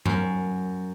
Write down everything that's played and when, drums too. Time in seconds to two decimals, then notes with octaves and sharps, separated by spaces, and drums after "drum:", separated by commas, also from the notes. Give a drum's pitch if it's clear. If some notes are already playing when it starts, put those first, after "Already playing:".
0.06 F#2, drum: tom G2